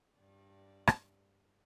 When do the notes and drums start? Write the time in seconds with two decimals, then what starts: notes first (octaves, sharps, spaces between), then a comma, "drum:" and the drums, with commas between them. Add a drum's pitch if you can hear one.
0.15 G2 D5
0.87 drum: rim click